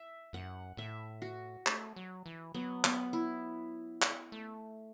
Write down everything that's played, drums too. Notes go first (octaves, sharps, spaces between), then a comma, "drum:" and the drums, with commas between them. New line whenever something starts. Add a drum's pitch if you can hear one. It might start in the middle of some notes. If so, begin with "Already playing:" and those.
Already playing: E5
F#2 F#5
A2 E5
F#4
A3, drum: clap
F#3
E3
F#3 B3
B3, drum: clap
E4
drum: clap
A3